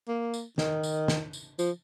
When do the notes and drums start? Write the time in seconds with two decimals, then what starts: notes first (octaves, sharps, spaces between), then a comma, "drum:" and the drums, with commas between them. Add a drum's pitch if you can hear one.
0.08 A#3
0.34 drum: tambourine
0.58 D#3, drum: snare
0.83 drum: tambourine
1.08 drum: snare
1.33 drum: tambourine
1.59 F3, drum: tambourine